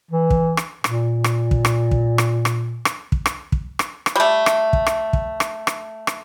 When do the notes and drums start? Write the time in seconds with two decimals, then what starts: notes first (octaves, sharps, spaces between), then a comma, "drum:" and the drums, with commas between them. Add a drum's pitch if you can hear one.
0.11 E3
0.30 drum: kick
0.57 drum: rim click
0.84 A#2, drum: rim click
1.24 drum: rim click
1.51 drum: kick
1.65 drum: rim click
1.91 drum: kick
2.18 drum: rim click
2.45 drum: rim click
2.85 drum: rim click
3.12 drum: kick
3.26 drum: rim click
3.52 drum: kick
3.79 drum: rim click
4.06 drum: rim click
4.16 G3 A3
4.46 drum: rim click
4.73 drum: kick
4.86 drum: rim click
5.13 drum: kick
5.40 drum: rim click
5.67 drum: rim click
6.07 drum: rim click